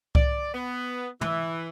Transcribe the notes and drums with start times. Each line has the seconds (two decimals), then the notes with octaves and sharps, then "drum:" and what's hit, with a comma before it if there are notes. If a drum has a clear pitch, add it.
0.15 D5, drum: kick C2
0.54 B3
1.21 E3, drum: tom